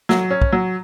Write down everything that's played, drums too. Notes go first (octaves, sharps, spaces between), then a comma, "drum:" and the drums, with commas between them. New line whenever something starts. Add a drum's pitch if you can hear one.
F#3, drum: snare
C#4
drum: kick
F#3